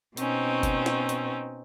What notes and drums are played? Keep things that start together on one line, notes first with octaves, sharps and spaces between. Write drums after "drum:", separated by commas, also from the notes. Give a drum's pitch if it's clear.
B2 C4 C#4 D#4, drum: hi-hat
drum: kick F#1, hi-hat
drum: snare
drum: hi-hat